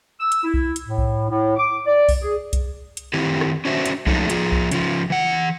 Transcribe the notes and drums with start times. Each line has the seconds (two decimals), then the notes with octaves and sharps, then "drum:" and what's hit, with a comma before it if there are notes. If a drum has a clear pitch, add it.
0.20 E6
0.32 drum: hi-hat
0.44 E4
0.54 drum: kick B1
0.76 drum: hi-hat
0.87 A2
0.98 drum: kick B1
1.29 A2
1.57 D6
1.87 D5
2.09 drum: kick B1, open hi-hat
2.21 G#4
2.53 drum: kick B1, hi-hat
2.97 drum: hi-hat
3.14 D#3 C4 E4 G4
3.41 drum: rim click
3.65 C#4 D4 F#4 C5 E5
3.86 drum: hi-hat
4.06 F3 F#3 G#3 A3 D4 D#4, drum: kick B1
4.30 F3 F4 G#4, drum: hi-hat
4.52 drum: kick B1
4.72 C#3 F3, drum: hi-hat
5.10 E3 F#5